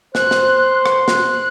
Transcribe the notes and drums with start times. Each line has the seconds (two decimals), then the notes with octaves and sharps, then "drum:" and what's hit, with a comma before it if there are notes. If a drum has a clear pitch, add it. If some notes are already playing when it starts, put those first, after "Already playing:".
0.15 C5 F#6, drum: snare
0.31 drum: snare
0.86 drum: rim click
1.08 F#6, drum: snare